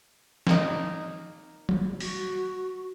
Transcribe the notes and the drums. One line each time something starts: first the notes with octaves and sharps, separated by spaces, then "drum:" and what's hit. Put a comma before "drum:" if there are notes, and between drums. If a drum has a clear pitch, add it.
A#3 D#4, drum: snare
drum: tom
F#4, drum: open hi-hat